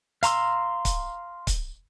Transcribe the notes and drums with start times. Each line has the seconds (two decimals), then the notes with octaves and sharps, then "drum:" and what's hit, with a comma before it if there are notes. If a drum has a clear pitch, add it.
0.23 F5 A#5 C6 E6, drum: hi-hat
0.85 drum: kick C#1, hi-hat
1.47 drum: kick C#1, hi-hat